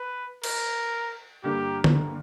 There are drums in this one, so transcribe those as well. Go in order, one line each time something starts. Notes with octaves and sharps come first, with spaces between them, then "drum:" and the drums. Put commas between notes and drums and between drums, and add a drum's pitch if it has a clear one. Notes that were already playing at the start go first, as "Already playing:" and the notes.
Already playing: B4
A#4, drum: cymbal
G2 D3 G3 A#3 G4
drum: tom D3